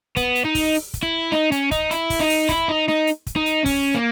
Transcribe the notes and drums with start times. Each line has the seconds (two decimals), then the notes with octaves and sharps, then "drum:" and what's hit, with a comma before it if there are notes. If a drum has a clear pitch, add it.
0.16 B3, drum: kick, hi-hat
0.35 drum: hi-hat
0.45 D#4
0.55 drum: kick, open hi-hat
0.74 drum: open hi-hat
0.94 drum: kick, hi-hat
1.03 E4
1.32 D#4, drum: snare
1.52 C#4, drum: hi-hat
1.71 D#4, drum: kick, hi-hat
1.91 E4, drum: hi-hat
2.10 drum: kick, open hi-hat
2.20 D#4
2.29 drum: open hi-hat
2.49 E4, drum: kick, hi-hat
2.69 D#4
2.88 D#4, drum: snare
3.07 drum: hi-hat
3.27 drum: kick, hi-hat
3.36 D#4
3.46 drum: hi-hat
3.66 C#4, drum: kick, open hi-hat
3.95 A#3